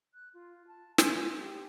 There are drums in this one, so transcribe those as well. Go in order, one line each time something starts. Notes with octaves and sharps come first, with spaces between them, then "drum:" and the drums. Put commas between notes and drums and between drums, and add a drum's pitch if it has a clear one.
F#6
F4
A5
G#5, drum: snare
C6
G4